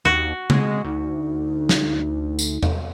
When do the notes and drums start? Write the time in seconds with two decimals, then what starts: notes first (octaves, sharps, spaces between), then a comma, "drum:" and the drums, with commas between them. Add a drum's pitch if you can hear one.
0.05 D#2 F#4
0.50 G#3, drum: tom C#3
0.84 D2 D#4
1.69 drum: snare
2.39 drum: tambourine
2.63 drum: tom E2